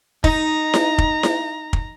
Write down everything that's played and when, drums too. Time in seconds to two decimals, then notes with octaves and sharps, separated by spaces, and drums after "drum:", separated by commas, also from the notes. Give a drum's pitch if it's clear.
0.24 D#4 A#5, drum: kick
0.74 drum: snare E4
0.98 drum: kick
1.23 drum: snare E4
1.73 drum: kick